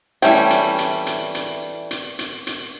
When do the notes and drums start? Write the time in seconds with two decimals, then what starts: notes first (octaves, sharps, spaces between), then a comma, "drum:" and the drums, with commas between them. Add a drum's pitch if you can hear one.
0.22 E3 G3 A3 C#4 G5, drum: hi-hat
0.50 drum: hi-hat
0.78 drum: hi-hat
1.07 drum: hi-hat
1.35 drum: hi-hat
1.91 drum: hi-hat
2.19 drum: hi-hat
2.47 drum: hi-hat